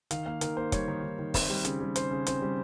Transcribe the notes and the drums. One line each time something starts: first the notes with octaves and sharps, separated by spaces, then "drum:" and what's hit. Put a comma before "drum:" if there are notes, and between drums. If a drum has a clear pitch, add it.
D#3 F5, drum: hi-hat
A#3 F5
D#3 A#4, drum: hi-hat
A#3 C5
G3 C#5, drum: kick, hi-hat
D#3
D#3
D#3
C4, drum: kick, open hi-hat
G3
C#3, drum: hi-hat
G3
C#3 C5, drum: hi-hat
C#3
C4 C5, drum: hi-hat
G3